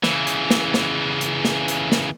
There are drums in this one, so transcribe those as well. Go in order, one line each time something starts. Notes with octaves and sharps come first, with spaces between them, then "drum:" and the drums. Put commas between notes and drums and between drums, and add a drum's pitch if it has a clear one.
C#3 E3, drum: snare
drum: hi-hat
drum: snare
drum: snare
drum: hi-hat
drum: snare
drum: hi-hat
drum: snare